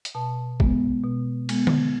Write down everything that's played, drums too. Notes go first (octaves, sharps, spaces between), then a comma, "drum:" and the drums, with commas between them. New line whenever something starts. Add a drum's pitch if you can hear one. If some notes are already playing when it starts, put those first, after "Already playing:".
drum: hi-hat
B2 A5
G#3 B3, drum: kick
B2
G#3 B3, drum: cymbal
drum: tom D3